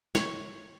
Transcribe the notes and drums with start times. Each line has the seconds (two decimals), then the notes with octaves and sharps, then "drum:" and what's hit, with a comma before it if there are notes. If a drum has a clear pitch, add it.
0.15 C#5, drum: snare